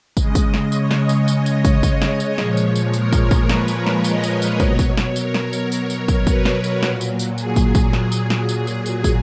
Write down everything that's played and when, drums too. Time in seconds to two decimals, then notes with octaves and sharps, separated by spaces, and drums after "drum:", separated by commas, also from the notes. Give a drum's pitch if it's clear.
0.17 C#3 G#3 D#5, drum: kick, tambourine
0.35 drum: kick, tambourine
0.54 drum: snare
0.72 C#5, drum: tambourine
0.91 drum: snare
1.09 drum: tambourine
1.28 D#5, drum: tambourine
1.46 drum: tambourine
1.65 drum: kick, tambourine
1.83 drum: kick, tambourine
2.02 drum: snare
2.20 drum: tambourine
2.38 A#2 F3 G#3 C#5, drum: snare
2.57 drum: tambourine
2.76 drum: tambourine
2.93 A#4, drum: tambourine
3.13 drum: kick, tambourine
3.31 drum: kick, tambourine
3.49 B4, drum: snare
3.68 drum: tambourine
3.86 drum: snare
4.04 D#5, drum: tambourine
4.23 drum: tambourine
4.42 drum: tambourine
4.60 B2 F#3 C#5, drum: kick, tambourine
4.79 drum: kick, tambourine
4.97 drum: snare
5.16 A#4, drum: tambourine
5.34 drum: snare
5.53 drum: tambourine
5.72 C#5, drum: tambourine
5.90 drum: tambourine
6.08 drum: kick, tambourine
6.27 B4, drum: kick, tambourine
6.45 drum: snare
6.64 drum: tambourine
6.83 A#2 F#3, drum: snare
7.01 drum: tambourine
7.19 drum: tambourine
7.38 G#4, drum: tambourine
7.56 drum: kick, tambourine
7.75 drum: kick, tambourine
7.93 drum: snare
8.12 drum: tambourine
8.30 drum: snare
8.49 drum: tambourine
8.67 drum: tambourine
8.86 drum: tambourine
9.04 drum: kick, tambourine